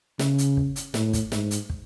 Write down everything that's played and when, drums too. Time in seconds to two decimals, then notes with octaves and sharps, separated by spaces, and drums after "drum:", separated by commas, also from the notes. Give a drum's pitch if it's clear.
0.19 C#3, drum: snare
0.38 drum: hi-hat
0.57 drum: kick
0.76 drum: hi-hat
0.94 A2, drum: snare
1.13 drum: kick, hi-hat
1.32 G#2, drum: snare
1.51 drum: hi-hat
1.69 drum: kick